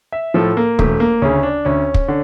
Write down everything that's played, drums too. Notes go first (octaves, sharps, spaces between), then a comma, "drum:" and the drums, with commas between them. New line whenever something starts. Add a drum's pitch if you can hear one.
E5
A2 F3 A4
A#3
E1 A3, drum: kick
A#3
D2 C#3 C#4
D4
D2 C#4
drum: kick
D3